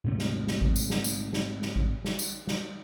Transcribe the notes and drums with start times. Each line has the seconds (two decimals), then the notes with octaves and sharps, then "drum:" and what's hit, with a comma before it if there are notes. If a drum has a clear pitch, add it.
0.04 G#2 C3 A3
0.18 drum: snare
0.47 drum: snare
0.61 drum: kick G#1
0.76 drum: tambourine
0.90 drum: snare
1.04 drum: tambourine
1.33 drum: snare
1.62 drum: snare
1.76 drum: kick G#1
2.04 drum: snare
2.19 drum: tambourine
2.47 drum: snare